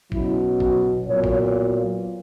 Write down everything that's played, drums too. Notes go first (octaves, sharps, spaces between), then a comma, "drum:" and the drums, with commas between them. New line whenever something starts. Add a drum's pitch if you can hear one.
B2 F#3 C#4 E4, drum: kick
F#4, drum: kick
A#2 F#3 B3 C#5
drum: kick